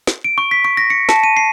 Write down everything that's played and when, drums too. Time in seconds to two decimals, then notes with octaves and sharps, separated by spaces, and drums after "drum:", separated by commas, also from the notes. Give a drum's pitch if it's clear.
0.07 drum: snare
0.24 D7
0.38 C#6
0.51 B6
0.65 C#6
0.77 A#6
0.90 C#7
1.09 A5, drum: snare
1.23 D#7
1.37 C7